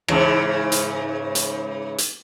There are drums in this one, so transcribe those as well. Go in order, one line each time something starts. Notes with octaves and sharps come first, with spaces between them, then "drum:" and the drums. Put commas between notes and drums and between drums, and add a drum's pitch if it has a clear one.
G#2 C#3 E3, drum: rim click
drum: hi-hat
drum: hi-hat
drum: hi-hat